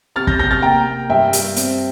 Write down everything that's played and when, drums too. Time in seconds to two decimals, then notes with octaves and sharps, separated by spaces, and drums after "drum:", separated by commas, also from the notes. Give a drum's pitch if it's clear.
0.16 C3 F6 A6
0.27 G6 A#6, drum: kick
0.39 C3 G6 A#6
0.51 F6 A6
0.62 A#3 G5 A#5
0.87 A#3
1.10 G2 E5 G5
1.33 G2, drum: hi-hat
1.56 C4, drum: hi-hat